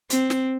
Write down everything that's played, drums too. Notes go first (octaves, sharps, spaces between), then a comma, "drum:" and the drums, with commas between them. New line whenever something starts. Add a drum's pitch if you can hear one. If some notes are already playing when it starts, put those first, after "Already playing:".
C4, drum: hi-hat
drum: snare